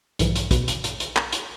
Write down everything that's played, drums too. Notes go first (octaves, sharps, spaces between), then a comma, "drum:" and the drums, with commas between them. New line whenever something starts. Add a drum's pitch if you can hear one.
B1 G#2 D3 E3 F3, drum: hi-hat
drum: hi-hat
B2 B4, drum: kick, hi-hat
drum: hi-hat
drum: hi-hat
drum: hi-hat
drum: clap
drum: hi-hat